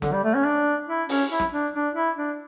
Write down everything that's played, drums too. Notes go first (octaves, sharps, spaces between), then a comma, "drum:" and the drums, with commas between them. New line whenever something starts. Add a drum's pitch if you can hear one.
D3, drum: snare
G3
A3
C#4
D4
E4
C#4, drum: open hi-hat
E4
drum: snare
D4
D4
E4
D4